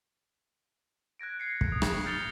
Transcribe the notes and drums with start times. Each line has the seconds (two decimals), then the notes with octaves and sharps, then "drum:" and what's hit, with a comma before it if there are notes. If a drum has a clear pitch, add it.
1.19 F#6 G#6 A#6 D7
1.40 G#6 C7 C#7
1.61 drum: kick
1.72 D#6
1.82 drum: rim click
2.05 F6 G6 A6 C#7 F7 G7